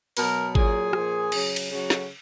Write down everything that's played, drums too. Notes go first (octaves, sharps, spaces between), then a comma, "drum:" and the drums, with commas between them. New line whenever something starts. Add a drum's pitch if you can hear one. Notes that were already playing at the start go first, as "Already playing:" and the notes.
B2 F#3 A#4, drum: open hi-hat
A#2 F#3 G#4, drum: kick G#1
A#2 F3, drum: rim click
C#3 F#3, drum: cymbal
drum: cymbal
C#3 F#3 F#4
drum: snare